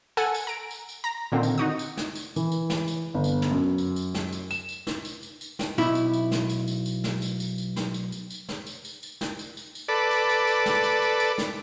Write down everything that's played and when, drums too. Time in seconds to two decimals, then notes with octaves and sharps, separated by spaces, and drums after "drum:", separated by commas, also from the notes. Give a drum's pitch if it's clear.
0.17 A4 F#5 G#5, drum: tambourine
0.35 drum: tambourine
0.47 A#5 D7
0.71 drum: tambourine
0.89 drum: tambourine
1.04 A#5 A#6
1.32 A#2 D3 D#3 C4
1.43 drum: tambourine
1.58 D#4 F#4 D#6
1.79 drum: tambourine
1.97 drum: snare
2.15 drum: tambourine
2.36 E3, drum: tambourine
2.52 drum: tambourine
2.70 drum: snare
2.88 drum: tambourine
3.14 G1
3.24 drum: tambourine
3.42 drum: snare
3.51 F#2
3.78 drum: tambourine
3.96 drum: tambourine
4.14 drum: snare
4.32 drum: tambourine
4.51 E7, drum: tambourine
4.69 drum: tambourine
4.87 drum: snare
5.05 drum: tambourine
5.23 drum: tambourine
5.41 drum: tambourine
5.59 drum: snare
5.78 B1 E4 E5, drum: tambourine
5.95 drum: tambourine
6.13 drum: tambourine
6.31 drum: snare
6.50 drum: tambourine
6.68 drum: tambourine
6.86 drum: tambourine
7.04 drum: snare
7.22 drum: tambourine
7.40 drum: tambourine
7.58 drum: tambourine
7.76 drum: snare
7.94 drum: tambourine
8.12 drum: tambourine
8.30 drum: tambourine
8.49 drum: snare
8.67 drum: tambourine
8.85 drum: tambourine
9.03 drum: tambourine
9.21 drum: snare
9.39 drum: tambourine
9.57 drum: tambourine
9.75 drum: tambourine
9.88 A4 B4 D5
10.11 drum: tambourine
10.29 drum: tambourine
10.48 drum: tambourine
10.66 drum: snare
10.84 drum: tambourine
11.02 drum: tambourine
11.20 drum: tambourine
11.38 drum: snare